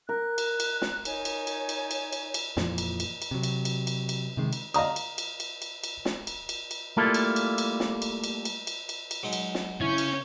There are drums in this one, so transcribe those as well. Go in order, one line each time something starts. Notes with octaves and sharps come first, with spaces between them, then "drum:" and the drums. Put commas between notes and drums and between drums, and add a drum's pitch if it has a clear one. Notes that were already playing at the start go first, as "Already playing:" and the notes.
A#4 F#6
drum: cymbal
drum: cymbal
drum: snare
D#4 C#5 G#5, drum: cymbal
drum: cymbal
drum: cymbal
drum: cymbal
drum: cymbal
drum: cymbal
drum: cymbal
F2 A#2 E3 F3, drum: snare
drum: cymbal
drum: cymbal
drum: cymbal
C3 F#3
drum: cymbal
drum: cymbal
drum: cymbal
drum: cymbal
C3 D#3 G#3
drum: cymbal
D#5 F5 A#5 D#6, drum: cymbal
drum: cymbal
drum: cymbal
drum: cymbal
drum: cymbal
drum: cymbal
drum: snare
drum: cymbal
drum: cymbal
drum: cymbal
G3 A3 A#3 E4 F4 A4
drum: cymbal
drum: cymbal
drum: cymbal
drum: snare
drum: cymbal
drum: cymbal
drum: cymbal
drum: cymbal
drum: cymbal
drum: cymbal
F#3 G#3 D#4
drum: cymbal
drum: snare
C#3 C#4 E4 C#5 C#6 G6
drum: cymbal